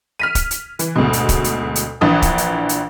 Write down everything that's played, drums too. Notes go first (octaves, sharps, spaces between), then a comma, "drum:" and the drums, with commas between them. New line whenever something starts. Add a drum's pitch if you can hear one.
F6 B6 D#7
drum: kick, hi-hat
drum: hi-hat
E3, drum: hi-hat
D2 G#2 B2
drum: hi-hat
drum: kick, hi-hat
drum: hi-hat
drum: hi-hat
A#1 E3 D4 D#6
drum: kick, hi-hat
drum: hi-hat
drum: hi-hat